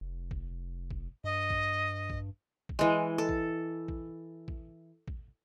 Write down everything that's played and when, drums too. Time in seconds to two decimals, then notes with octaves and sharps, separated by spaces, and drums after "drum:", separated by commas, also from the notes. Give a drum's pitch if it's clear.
0.01 F1
0.31 drum: kick
0.91 drum: kick
1.24 G2 D#5
1.50 drum: kick
2.10 drum: kick
2.69 drum: kick
2.79 E3 G#3
3.18 A4
3.29 drum: kick
3.88 drum: kick
4.48 drum: kick
5.08 drum: kick